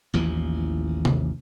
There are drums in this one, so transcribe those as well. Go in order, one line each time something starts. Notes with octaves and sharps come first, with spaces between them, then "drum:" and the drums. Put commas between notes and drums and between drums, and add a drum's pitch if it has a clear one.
A1 D#2 E3 F3
drum: tom C3